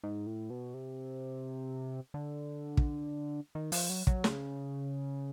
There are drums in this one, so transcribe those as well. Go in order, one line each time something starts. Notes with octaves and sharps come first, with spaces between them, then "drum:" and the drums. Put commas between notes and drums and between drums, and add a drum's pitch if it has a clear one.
G#2
A2
B2
C3
D3
drum: kick
D#3
F3, drum: open hi-hat
F#3
F#3, drum: kick
C#3, drum: snare